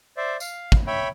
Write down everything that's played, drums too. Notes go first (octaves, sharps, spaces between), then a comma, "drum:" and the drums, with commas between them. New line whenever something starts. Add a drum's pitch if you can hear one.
C5 D5 E5
F5, drum: tambourine
drum: kick
C#5 E5 G5 B5